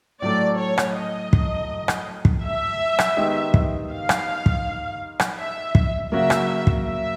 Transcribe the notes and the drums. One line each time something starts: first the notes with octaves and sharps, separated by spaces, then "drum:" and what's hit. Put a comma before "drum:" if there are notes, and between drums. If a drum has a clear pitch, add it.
A2 F#3 A3 D5
C#5
drum: rim click
D#5
drum: kick
drum: rim click
drum: kick
E5
drum: rim click
D#3 G#3 B3 D#4 G4
drum: kick
F5
drum: rim click
drum: kick
drum: rim click
E5
drum: kick
C#3 F#3 A#3 C#4 F#4 E5
drum: rim click
drum: kick
E5